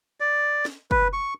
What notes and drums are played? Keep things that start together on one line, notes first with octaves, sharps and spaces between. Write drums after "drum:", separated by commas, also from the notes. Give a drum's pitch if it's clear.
D5
drum: snare
B4, drum: kick
C#6